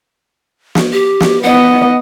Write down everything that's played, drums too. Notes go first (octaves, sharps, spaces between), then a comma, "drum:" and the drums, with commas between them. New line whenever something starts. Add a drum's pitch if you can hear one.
drum: snare
G4
drum: snare
B3 D#5 F#5